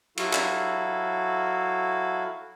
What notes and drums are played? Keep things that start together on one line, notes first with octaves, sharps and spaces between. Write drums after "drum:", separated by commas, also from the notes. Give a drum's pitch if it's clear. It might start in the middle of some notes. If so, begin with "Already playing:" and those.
F#3 E4 F#4 A4 F5, drum: cymbal
drum: clap